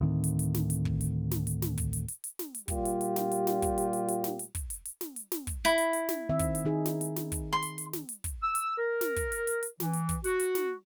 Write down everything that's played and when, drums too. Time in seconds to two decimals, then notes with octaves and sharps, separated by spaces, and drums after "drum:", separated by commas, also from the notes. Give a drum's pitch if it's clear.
0.01 D2 A2 D#3 C4
0.24 drum: hi-hat
0.39 drum: hi-hat
0.54 drum: snare
0.70 drum: hi-hat
0.85 drum: kick
1.01 drum: hi-hat
1.31 drum: snare
1.47 drum: hi-hat
1.62 drum: snare
1.78 drum: kick, hi-hat
1.93 drum: hi-hat
2.08 drum: hi-hat
2.24 drum: hi-hat
2.39 drum: snare
2.55 drum: hi-hat
2.68 A#2 G3 F4 G4, drum: kick, hi-hat
2.85 drum: hi-hat
3.01 drum: hi-hat
3.16 drum: snare
3.31 drum: hi-hat
3.47 drum: snare
3.62 drum: kick, hi-hat
3.78 drum: hi-hat
3.93 drum: hi-hat
4.08 drum: hi-hat
4.24 drum: snare
4.39 drum: hi-hat
4.55 drum: kick, hi-hat
4.70 drum: hi-hat
4.85 drum: hi-hat
5.01 drum: snare
5.16 drum: hi-hat
5.32 drum: snare
5.47 drum: kick, hi-hat
5.65 E4, drum: hi-hat
5.78 drum: hi-hat
5.93 drum: hi-hat
6.09 drum: snare
6.29 D#3 C4 E5
6.39 drum: kick, hi-hat
6.55 drum: hi-hat
6.65 D#3 D#4 G#4
6.86 drum: snare
7.01 drum: hi-hat
7.16 drum: snare
7.32 drum: kick, hi-hat
7.53 C6
7.62 drum: hi-hat
7.78 drum: hi-hat
7.93 drum: snare
8.09 drum: hi-hat
8.24 drum: kick, hi-hat
8.43 E6
8.55 drum: hi-hat
8.78 A#4
9.01 drum: snare
9.16 drum: kick, hi-hat
9.32 drum: hi-hat
9.47 drum: hi-hat
9.63 drum: hi-hat
9.80 E3, drum: snare
9.93 drum: hi-hat
10.09 drum: kick, hi-hat
10.24 F#4, drum: hi-hat
10.40 drum: hi-hat
10.55 drum: snare